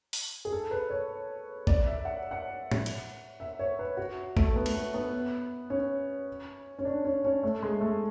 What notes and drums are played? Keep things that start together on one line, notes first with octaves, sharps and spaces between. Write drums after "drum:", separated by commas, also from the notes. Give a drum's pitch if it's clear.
drum: open hi-hat
G#4
A4
B4
C#5
D5, drum: kick
E5
F#5
F#5
drum: tom A2
drum: cymbal
E5
C#5
B4
F#4
A3, drum: kick
B3
A3, drum: cymbal
B3
B3
C#4
C#4
D4
C#4
C#4
A3
G#3
A3